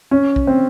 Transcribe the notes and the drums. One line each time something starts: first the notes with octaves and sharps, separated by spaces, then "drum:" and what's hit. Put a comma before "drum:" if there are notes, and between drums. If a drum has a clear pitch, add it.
C#4
drum: kick B1
C4